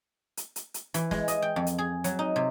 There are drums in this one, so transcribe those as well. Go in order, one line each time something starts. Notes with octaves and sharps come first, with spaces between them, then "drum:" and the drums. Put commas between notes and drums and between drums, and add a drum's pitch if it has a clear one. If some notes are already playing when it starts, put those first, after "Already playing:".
drum: hi-hat
drum: hi-hat
drum: hi-hat
E3, drum: hi-hat
G#3, drum: snare
D#5, drum: hi-hat
G5
F2
drum: hi-hat
G#4
F#3, drum: hi-hat
D#4
C3